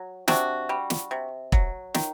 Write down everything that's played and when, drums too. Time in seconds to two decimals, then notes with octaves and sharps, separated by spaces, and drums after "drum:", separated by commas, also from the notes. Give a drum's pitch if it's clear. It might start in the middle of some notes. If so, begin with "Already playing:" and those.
Already playing: F#3
0.28 C3 D4 F#4, drum: snare
0.69 G3
0.90 drum: snare
1.11 C3
1.52 F#3, drum: kick E1
1.94 D#3, drum: snare